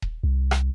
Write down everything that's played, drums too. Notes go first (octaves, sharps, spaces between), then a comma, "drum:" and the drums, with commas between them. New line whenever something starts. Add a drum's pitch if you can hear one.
drum: kick D#1
C2
drum: rim click